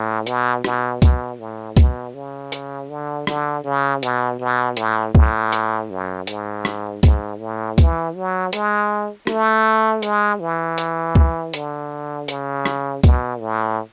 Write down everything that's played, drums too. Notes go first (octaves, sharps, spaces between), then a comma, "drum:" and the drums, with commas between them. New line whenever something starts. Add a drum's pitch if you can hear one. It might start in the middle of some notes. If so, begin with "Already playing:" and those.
Already playing: A2
B2, drum: hi-hat
B2, drum: rim click
B2, drum: kick C#2, hi-hat
A2
B2, drum: kick C#2, hi-hat
C#3
drum: hi-hat
D3
D3, drum: rim click
C#3
B2, drum: hi-hat
B2
A2, drum: hi-hat
A2, drum: kick C#2
drum: hi-hat
F#2
G#2, drum: hi-hat
drum: rim click
G#2, drum: kick C#2, hi-hat
A2
E3, drum: kick C#2, hi-hat
F#3
G#3, drum: hi-hat
A3, drum: rim click
G#3, drum: hi-hat
E3
drum: hi-hat
drum: kick C#2
D3, drum: hi-hat
C#3, drum: hi-hat
drum: rim click
B2, drum: kick C#2, hi-hat
A2